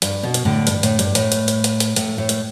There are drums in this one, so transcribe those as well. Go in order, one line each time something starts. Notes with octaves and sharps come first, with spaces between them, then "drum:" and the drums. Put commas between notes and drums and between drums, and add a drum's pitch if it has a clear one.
G2, drum: hi-hat
B2
drum: hi-hat
A2 D3
G2, drum: hi-hat
A2, drum: hi-hat
G2, drum: hi-hat
A2, drum: hi-hat
drum: hi-hat
drum: hi-hat
drum: hi-hat
drum: hi-hat
A2, drum: hi-hat
A2
drum: hi-hat